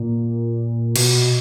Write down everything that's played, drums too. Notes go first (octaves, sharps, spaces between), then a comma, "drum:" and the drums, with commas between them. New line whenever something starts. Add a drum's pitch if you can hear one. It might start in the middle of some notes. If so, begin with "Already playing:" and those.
Already playing: A#2
B2, drum: cymbal